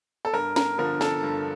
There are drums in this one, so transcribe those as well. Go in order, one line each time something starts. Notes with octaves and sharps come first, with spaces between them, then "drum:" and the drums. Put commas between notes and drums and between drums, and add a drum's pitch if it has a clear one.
A4
G2 A#4
A#4, drum: snare
D3 F3 A#4
A4, drum: snare
G2